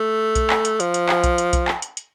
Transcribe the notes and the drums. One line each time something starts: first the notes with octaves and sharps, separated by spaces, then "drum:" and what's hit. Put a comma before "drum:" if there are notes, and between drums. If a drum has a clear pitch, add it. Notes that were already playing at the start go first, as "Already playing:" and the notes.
Already playing: A3
drum: kick B1, hi-hat
drum: clap
drum: hi-hat
F3, drum: hi-hat
drum: hi-hat
drum: clap
drum: kick B1, hi-hat
drum: hi-hat
drum: kick B1, hi-hat
drum: clap
drum: hi-hat
drum: hi-hat